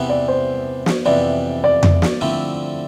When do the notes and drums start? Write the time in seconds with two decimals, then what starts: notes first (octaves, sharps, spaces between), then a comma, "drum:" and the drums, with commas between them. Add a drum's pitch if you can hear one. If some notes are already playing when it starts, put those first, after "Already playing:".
Already playing: E2 C3 E3 B3
0.09 D5
0.28 C5
0.86 drum: snare
1.05 F2 C3 E3 B3 D5
1.64 D5
1.83 drum: tom F2
2.02 drum: snare
2.21 D3 F3 A3 C4 E4